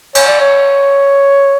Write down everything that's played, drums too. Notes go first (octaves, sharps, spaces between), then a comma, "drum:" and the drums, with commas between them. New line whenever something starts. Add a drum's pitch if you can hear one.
C#5, drum: cymbal
D5
C#5